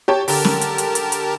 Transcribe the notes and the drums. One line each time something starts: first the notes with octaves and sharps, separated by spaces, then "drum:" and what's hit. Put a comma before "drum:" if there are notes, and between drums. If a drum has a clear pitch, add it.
G4 C#5 A5
D3 G4 A#4 A5, drum: open hi-hat
drum: snare
drum: hi-hat
drum: hi-hat
drum: hi-hat
drum: hi-hat